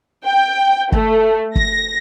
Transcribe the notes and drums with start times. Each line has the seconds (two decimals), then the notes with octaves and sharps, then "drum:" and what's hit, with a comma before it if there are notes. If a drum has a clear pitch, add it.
0.25 G5
0.92 A3, drum: kick
1.56 A#6, drum: kick